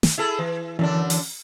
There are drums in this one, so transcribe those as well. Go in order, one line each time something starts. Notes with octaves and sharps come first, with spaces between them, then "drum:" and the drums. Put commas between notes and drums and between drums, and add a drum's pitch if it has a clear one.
drum: snare
E4 G#4 A4
E3
F#2 D3 E3 D4
drum: open hi-hat